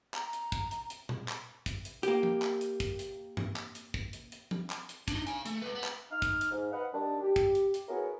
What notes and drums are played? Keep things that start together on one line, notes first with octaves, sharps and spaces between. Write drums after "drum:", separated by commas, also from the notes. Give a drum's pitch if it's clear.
A#5, drum: clap
drum: hi-hat
drum: kick, hi-hat
drum: hi-hat
drum: hi-hat
drum: tom A#2
drum: clap
drum: kick, hi-hat
drum: hi-hat
A#3 G4, drum: hi-hat
drum: tom F3
drum: clap
drum: hi-hat
drum: kick, hi-hat
drum: hi-hat
drum: tom G2
drum: clap
drum: hi-hat
drum: kick
drum: hi-hat
drum: hi-hat
drum: tom F3
drum: clap
drum: hi-hat
D4 D#4, drum: kick, hi-hat
F5 G#5, drum: hi-hat
A3, drum: hi-hat
G#3 B4
B3
drum: clap
D#4 F6
drum: kick, hi-hat
drum: hi-hat
G#2
B4 D#5 F5 F#5
D#3 G3 D4
G4
drum: kick, hi-hat
drum: hi-hat
drum: hi-hat
B3 C#4 E4 F#4 G#4 A#4